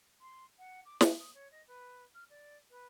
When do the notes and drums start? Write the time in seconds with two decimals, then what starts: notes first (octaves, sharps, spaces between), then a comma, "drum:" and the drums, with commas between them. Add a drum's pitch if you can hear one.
0.21 C6
0.58 F#5
0.85 D6
1.01 F#4, drum: snare
1.18 D#6
1.34 C#5
1.51 D#5
1.67 B4
2.14 F6
2.29 D5
2.69 B4